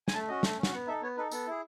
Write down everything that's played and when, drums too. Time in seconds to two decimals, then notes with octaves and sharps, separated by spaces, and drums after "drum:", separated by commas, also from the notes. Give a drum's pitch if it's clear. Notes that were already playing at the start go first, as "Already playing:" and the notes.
0.08 G#5, drum: snare
0.14 A3 A5
0.28 C#4 F#4 D#5
0.43 A3, drum: snare
0.58 C#4
0.63 F#4, drum: snare
0.72 B3 F#5
0.87 D#4 A4 E5
1.02 B3 C#5
1.17 D#4 A4 B4
1.31 B3 A4, drum: tambourine
1.47 E4 G#4